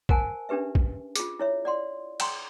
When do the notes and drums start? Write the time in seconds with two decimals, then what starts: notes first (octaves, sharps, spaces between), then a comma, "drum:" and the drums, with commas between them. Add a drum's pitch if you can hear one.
0.09 A#4 C5 F#5 G#5 A5, drum: kick
0.49 C#4 D4 G4 B4 E5
0.75 drum: kick
1.16 F4 G#4, drum: hi-hat
1.40 E4 C#5 E5
1.65 D5 F#5 C6
2.20 F#5 G5 A#5 C6, drum: cymbal